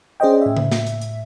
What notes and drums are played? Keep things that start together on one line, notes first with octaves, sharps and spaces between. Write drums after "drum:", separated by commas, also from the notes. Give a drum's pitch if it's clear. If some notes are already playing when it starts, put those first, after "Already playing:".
C#4 G#4 C5 D5 D#5 G5
A2 E5
drum: tom C#3
drum: snare
drum: hi-hat
drum: hi-hat